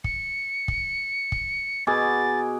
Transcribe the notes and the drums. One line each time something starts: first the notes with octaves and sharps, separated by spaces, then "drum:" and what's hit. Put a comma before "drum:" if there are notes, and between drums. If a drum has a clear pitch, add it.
C#7, drum: kick
drum: kick
drum: kick
B2 G#4 D6 A6